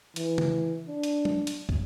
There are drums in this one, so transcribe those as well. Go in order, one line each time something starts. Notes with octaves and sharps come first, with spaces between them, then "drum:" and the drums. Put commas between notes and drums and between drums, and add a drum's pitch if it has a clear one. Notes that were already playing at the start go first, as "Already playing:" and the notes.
E3, drum: hi-hat
drum: tom
D4
drum: hi-hat
drum: tom
drum: hi-hat
drum: kick